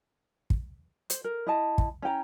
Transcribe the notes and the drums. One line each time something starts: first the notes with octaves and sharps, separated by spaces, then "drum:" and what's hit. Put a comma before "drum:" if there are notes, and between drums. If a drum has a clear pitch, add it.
drum: kick
C5, drum: hi-hat
A#4
E4 D#5 A5
drum: kick
C#4 E4 G5 A#5